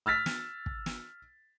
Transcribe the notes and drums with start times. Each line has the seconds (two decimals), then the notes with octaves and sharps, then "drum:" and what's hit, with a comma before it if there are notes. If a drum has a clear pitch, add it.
0.06 E6 F6 A6 B6
0.26 drum: snare
0.66 drum: kick
0.86 drum: snare